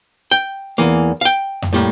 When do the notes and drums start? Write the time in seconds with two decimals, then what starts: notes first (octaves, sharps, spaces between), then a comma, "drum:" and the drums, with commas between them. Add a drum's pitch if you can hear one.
0.31 G5
0.78 E2 E3 A#3
1.21 F5
1.25 G5
1.62 drum: tom F2
1.73 A2 G3 A#3